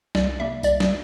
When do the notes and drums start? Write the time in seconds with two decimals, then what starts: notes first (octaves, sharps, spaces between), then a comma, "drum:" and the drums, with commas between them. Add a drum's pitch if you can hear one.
0.15 C2 D5, drum: snare
0.39 C3 G3 A#3 E5
0.63 C2 D5, drum: tambourine
0.80 drum: snare